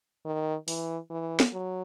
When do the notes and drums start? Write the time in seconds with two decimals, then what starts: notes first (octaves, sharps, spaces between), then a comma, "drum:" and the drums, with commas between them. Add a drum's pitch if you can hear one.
0.25 D#3
0.68 E3, drum: open hi-hat
1.10 E3
1.40 drum: snare
1.53 F#3